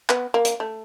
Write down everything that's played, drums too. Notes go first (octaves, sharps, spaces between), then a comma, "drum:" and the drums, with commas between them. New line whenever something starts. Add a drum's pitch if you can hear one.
B3, drum: clap
A#3
drum: hi-hat
A3